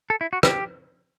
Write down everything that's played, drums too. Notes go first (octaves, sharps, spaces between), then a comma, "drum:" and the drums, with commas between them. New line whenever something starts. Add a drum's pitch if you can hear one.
A4
E4
F#4
G4, drum: rim click